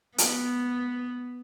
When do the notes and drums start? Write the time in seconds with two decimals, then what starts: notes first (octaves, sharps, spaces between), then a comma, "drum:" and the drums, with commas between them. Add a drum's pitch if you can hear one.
0.18 B3, drum: hi-hat